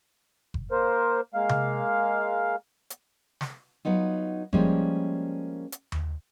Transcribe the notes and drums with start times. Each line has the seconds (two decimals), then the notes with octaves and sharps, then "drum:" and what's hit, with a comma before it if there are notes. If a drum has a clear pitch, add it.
0.54 drum: kick F#1
0.71 A#3 A#4 C5
1.34 G#3 A#3 F5
1.49 drum: tom C3
2.90 drum: hi-hat
3.41 drum: snare
3.85 F#3 B3 D#4 F4
4.53 F3 G3 G#3 A#3 C#4, drum: kick F#1
5.72 drum: hi-hat
5.92 drum: tom D#2